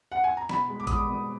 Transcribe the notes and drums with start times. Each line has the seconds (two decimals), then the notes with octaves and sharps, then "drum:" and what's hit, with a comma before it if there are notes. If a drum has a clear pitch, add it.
0.12 F#5
0.24 G#5
0.37 A#5
0.49 B2 B5, drum: snare
0.69 G#3
0.80 D6
0.87 G#3 D#6, drum: kick A1, hi-hat
0.96 D6
1.10 B2